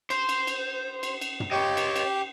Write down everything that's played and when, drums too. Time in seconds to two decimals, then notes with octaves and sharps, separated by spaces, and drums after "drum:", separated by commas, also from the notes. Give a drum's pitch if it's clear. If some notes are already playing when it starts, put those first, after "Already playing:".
0.10 C5, drum: cymbal
0.29 drum: cymbal
0.47 drum: cymbal
1.03 drum: cymbal
1.21 drum: cymbal
1.40 drum: tom
1.52 G4 C#5 D#5 G5
1.77 drum: cymbal
1.96 drum: cymbal